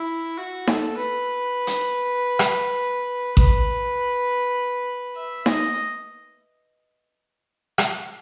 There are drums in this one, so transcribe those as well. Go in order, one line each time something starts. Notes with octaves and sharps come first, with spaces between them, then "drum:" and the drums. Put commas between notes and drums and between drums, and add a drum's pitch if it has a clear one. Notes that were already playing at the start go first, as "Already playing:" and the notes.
Already playing: E4
F#4
A4, drum: snare D#4
B4
drum: hi-hat
drum: rim click
B4, drum: kick A1
E5
D#5, drum: snare D#4
drum: rim click